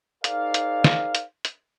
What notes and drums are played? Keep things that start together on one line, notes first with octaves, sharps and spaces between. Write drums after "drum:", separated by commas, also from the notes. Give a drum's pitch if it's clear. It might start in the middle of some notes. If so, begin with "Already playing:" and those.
D#4 G#4 A#4 C5 D5 F5, drum: hi-hat
drum: hi-hat
drum: snare
drum: hi-hat
drum: hi-hat